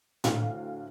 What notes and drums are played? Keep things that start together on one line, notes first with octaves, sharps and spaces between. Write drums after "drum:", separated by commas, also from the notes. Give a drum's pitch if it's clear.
D2 A2 F5, drum: tom A2